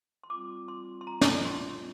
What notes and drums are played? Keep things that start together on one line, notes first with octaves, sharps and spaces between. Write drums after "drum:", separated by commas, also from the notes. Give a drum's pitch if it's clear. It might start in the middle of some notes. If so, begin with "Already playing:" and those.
C6
G3 C4 F4 D6
C6
C6
A#5
drum: snare
C6